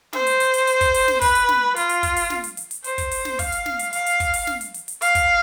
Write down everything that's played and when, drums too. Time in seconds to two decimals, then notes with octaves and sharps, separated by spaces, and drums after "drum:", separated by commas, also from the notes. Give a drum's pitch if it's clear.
0.13 C5, drum: snare
0.27 drum: hi-hat
0.40 drum: hi-hat
0.54 drum: hi-hat
0.67 drum: hi-hat
0.81 drum: kick, hi-hat
0.94 drum: open hi-hat
1.08 drum: snare
1.21 B4, drum: kick, open hi-hat
1.35 drum: hi-hat
1.49 drum: snare
1.76 F4, drum: hi-hat
1.89 drum: hi-hat
2.03 drum: kick, hi-hat
2.16 drum: open hi-hat
2.30 drum: snare
2.44 drum: hi-hat
2.57 drum: hi-hat
2.71 drum: hi-hat
2.84 C5, drum: hi-hat
2.98 drum: kick, hi-hat
3.11 drum: open hi-hat
3.25 drum: snare
3.39 F5, drum: kick, open hi-hat
3.52 drum: hi-hat
3.66 drum: snare
3.79 drum: hi-hat
3.93 F5, drum: hi-hat
4.06 drum: hi-hat
4.20 drum: kick, hi-hat
4.34 drum: open hi-hat
4.47 drum: snare
4.61 drum: hi-hat
4.74 drum: hi-hat
4.88 drum: hi-hat
5.02 F5, drum: hi-hat
5.15 drum: kick, hi-hat